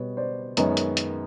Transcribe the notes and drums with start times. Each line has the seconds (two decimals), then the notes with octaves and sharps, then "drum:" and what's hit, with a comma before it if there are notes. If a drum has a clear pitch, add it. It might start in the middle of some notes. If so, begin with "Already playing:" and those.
Already playing: B2 G3 B3 C#5
0.17 C5 D5
0.57 F#2 D#3 G#3 B3 C#5 D#5, drum: hi-hat
0.77 drum: hi-hat
0.97 drum: hi-hat